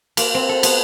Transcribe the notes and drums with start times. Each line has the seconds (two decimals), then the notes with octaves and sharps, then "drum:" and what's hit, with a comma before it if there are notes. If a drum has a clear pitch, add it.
0.17 A#3, drum: cymbal
0.34 C4
0.49 A4
0.63 B3, drum: cymbal